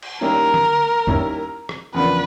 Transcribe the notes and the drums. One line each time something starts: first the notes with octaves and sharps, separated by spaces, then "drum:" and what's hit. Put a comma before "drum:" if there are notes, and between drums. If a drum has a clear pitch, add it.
drum: cymbal
D#3 G3 A#3 C#4 E4 A#4
drum: tom D3
D#3 G3 A#3 C#4 E4, drum: kick C#2
drum: rim click
E2 C#3 F3 A#3 D4 B4